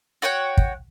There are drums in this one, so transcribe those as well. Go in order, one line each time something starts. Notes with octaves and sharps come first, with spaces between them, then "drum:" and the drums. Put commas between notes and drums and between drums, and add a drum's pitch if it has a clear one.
F#4 C#5 F#5 G5
drum: kick